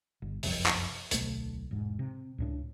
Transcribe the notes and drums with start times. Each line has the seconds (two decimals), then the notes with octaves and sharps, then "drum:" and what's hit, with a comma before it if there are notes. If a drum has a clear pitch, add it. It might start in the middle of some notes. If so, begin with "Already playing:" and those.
0.22 G1
0.43 F#1 C2 F2, drum: open hi-hat
0.66 drum: clap
1.11 D1 B1 A3, drum: hi-hat
1.71 E1 G#2
1.99 C3
2.38 C#2 A2 D4